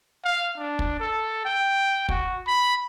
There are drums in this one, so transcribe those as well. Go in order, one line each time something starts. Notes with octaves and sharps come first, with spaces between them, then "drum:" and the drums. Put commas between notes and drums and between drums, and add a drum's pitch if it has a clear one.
F5
D4
drum: kick
A4
G5
F#4, drum: kick
B5